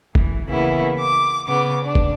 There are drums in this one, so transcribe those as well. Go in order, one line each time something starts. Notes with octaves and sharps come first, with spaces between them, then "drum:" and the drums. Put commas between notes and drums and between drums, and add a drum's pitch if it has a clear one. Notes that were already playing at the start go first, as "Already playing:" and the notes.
E3, drum: kick
C#3 E3 A#3 B3 E4
D6
C#3 B3 D6
D4
drum: kick